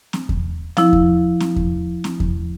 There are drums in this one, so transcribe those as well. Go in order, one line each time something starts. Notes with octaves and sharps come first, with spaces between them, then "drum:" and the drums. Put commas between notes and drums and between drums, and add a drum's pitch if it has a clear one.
drum: snare
drum: kick E2
F3 E4, drum: snare
drum: kick E2
drum: snare
drum: kick E2
drum: snare
drum: kick E2